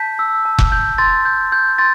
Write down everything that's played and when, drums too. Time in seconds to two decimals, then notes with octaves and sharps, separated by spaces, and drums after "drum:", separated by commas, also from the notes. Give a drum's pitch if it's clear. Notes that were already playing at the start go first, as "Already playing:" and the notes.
Already playing: A5 G6 B6
0.19 E6
0.45 A5
0.58 drum: kick F1
0.72 G6
0.98 C6 A6
1.25 G6
1.52 G6
1.78 C6 A6